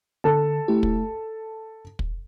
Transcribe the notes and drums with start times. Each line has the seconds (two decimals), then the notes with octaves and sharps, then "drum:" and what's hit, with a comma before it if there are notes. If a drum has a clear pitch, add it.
0.24 D3 A4 A5
0.68 A3 E4 G4
0.83 drum: kick
1.99 drum: kick